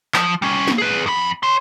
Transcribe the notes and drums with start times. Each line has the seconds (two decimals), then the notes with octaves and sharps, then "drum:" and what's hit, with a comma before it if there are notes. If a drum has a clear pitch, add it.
0.14 F3, drum: clap
0.42 G3 C#4
0.68 drum: snare
0.78 G#4 B4
1.06 F2 B5
1.43 C#5 C6